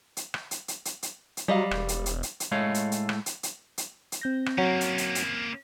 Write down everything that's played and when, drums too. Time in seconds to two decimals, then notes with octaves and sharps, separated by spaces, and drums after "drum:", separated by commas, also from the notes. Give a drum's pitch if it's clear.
0.17 drum: hi-hat
0.34 drum: rim click
0.51 drum: hi-hat
0.68 drum: hi-hat
0.85 drum: hi-hat
1.03 drum: hi-hat
1.37 drum: hi-hat
1.48 F#3 G3 D#5 F5
1.71 E1, drum: rim click
1.89 drum: hi-hat
2.06 drum: hi-hat
2.23 drum: hi-hat
2.40 drum: hi-hat
2.52 A2 G#3 A3 C#5 F5
2.74 drum: hi-hat
2.92 drum: hi-hat
3.09 drum: rim click
3.26 drum: hi-hat
3.43 drum: hi-hat
3.78 drum: hi-hat
4.12 drum: hi-hat
4.21 C4 G6 A#6
4.46 drum: rim click
4.58 F#3 A#3 C#4
4.81 drum: hi-hat
4.98 drum: hi-hat
5.15 drum: hi-hat